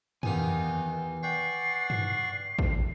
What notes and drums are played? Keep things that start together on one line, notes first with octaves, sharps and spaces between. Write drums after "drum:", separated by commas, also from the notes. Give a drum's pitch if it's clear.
E2 D#3 B3 G4 B4 F5 G#5, drum: tom F2
D5 F#5 G5 C#6 C7
drum: tom G2
drum: kick